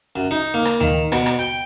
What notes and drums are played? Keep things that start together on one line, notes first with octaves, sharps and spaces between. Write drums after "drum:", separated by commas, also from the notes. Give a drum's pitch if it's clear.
F#2
D#4
A#3
drum: rim click
D#3, drum: tom D2
B2, drum: rim click
drum: rim click
G5